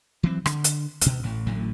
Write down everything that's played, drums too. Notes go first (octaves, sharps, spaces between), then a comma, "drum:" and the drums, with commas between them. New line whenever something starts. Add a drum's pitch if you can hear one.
E3 F#3 C4
D3, drum: rim click
drum: hi-hat
D2 B2, drum: hi-hat
A1 A2
A1 A2 D3 F#3